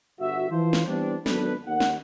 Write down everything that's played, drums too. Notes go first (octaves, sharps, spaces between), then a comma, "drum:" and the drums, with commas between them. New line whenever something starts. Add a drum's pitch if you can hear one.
G1 F#4 E5
E3 F3 C5
drum: snare
E3 G3 B3 C4 D4
G#1 F#3 B3 D4 A4 B4, drum: snare
D#2 F#5
drum: snare